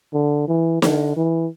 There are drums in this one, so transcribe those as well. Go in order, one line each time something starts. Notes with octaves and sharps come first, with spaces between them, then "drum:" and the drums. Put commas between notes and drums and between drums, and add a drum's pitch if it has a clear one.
D3
E3
D3, drum: snare
E3